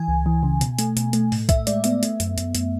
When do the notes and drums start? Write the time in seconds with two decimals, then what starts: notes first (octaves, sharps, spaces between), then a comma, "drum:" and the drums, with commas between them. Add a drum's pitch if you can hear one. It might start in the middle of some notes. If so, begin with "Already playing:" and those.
Already playing: E3 G#5
0.08 C#2
0.26 E3
0.43 C#3
0.61 B2, drum: hi-hat
0.79 A3, drum: hi-hat
0.97 B2, drum: hi-hat
1.13 A3, drum: hi-hat
1.32 A2, drum: open hi-hat
1.49 A2 E5, drum: kick B1, hi-hat
1.67 G#3 D5, drum: hi-hat
1.84 B3 E5, drum: hi-hat
2.03 A3, drum: hi-hat
2.20 F#2, drum: hi-hat
2.38 F#2, drum: hi-hat
2.55 F#2, drum: hi-hat